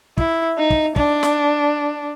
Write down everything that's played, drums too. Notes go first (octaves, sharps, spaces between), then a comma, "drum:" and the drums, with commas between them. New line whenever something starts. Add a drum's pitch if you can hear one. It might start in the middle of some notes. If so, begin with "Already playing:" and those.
E4, drum: kick
D#4
drum: kick
D4, drum: kick
drum: snare